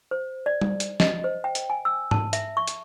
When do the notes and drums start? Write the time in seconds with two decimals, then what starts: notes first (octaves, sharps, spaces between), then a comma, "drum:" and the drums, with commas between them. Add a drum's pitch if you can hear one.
0.11 C5
0.46 D5
0.61 drum: tom G3
0.80 drum: hi-hat
1.00 D#5, drum: snare
1.24 C5
1.44 G5
1.55 drum: hi-hat
1.70 G#5
1.85 E6
2.11 A5, drum: tom G#2
2.33 E5, drum: hi-hat
2.57 C#6
2.68 drum: hi-hat